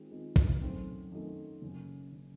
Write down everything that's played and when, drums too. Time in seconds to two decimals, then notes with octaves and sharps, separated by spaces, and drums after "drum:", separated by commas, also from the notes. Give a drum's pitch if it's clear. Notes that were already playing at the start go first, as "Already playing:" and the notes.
Already playing: D#3 G#3 C4 F4 G#4
0.10 D#3 G#3 C4 F4 G#4
0.36 drum: kick
0.61 F#2 D#3 F#3 A3 C4
1.12 F#2 D#3 F#3 A3 C4
1.62 F#1 F#2 C#3
2.12 C#3